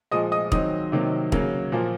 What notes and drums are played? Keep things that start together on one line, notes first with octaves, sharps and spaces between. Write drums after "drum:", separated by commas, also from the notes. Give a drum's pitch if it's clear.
A#2 F3 G#3 D#5 D#6
D#5 D#6
D#3 F#3 C4 D#5 D#6, drum: kick E1
C3 D#3 F#3 A#3
C#3 F#3 A#3, drum: kick E1
A#2 F3 A#3